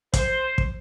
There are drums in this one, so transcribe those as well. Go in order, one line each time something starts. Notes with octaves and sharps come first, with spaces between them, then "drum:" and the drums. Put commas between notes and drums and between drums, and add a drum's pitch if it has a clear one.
C5, drum: kick, hi-hat
drum: kick